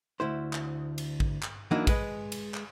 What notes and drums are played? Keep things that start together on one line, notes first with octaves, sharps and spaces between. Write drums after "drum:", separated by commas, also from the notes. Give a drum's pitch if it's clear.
D2 E4 C5
drum: clap
drum: cymbal
drum: kick
drum: clap
E3 F#3 A#3 D4 D#4
G#3 B4 D#5, drum: kick, cymbal
drum: cymbal
drum: clap